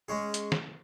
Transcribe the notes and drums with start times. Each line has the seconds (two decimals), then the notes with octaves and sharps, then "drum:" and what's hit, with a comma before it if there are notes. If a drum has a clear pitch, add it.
0.08 G#3 C#4 G#4
0.34 drum: hi-hat
0.52 drum: snare